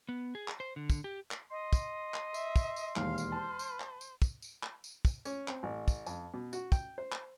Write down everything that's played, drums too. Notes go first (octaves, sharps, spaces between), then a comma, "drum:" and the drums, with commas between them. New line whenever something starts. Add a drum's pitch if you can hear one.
B3
G#4
drum: clap
C5
D3
drum: kick, tambourine
G4
drum: clap
D#5 C6
drum: kick, tambourine
drum: clap
E5, drum: tambourine
drum: kick, tambourine
drum: tambourine
E1 D#2 F5 F6, drum: clap
drum: tambourine
C5 A5
drum: tambourine
drum: clap
drum: tambourine
drum: kick, tambourine
drum: tambourine
drum: clap
drum: tambourine
drum: kick, tambourine
C#4, drum: tambourine
C4, drum: clap
A1
drum: kick, tambourine
F2, drum: tambourine
B2
F#4, drum: tambourine
G5, drum: kick, tambourine
C5
drum: clap